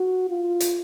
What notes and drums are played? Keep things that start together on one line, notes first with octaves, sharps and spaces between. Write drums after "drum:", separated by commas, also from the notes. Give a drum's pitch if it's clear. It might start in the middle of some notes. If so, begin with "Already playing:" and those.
Already playing: F#4
F4
drum: hi-hat